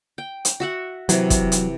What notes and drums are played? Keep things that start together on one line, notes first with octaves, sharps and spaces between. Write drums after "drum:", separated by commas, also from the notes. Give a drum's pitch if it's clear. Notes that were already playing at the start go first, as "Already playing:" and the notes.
G5
drum: hi-hat
F#4 E5 F#5
C3 E3 F#3, drum: hi-hat
drum: kick, hi-hat
drum: hi-hat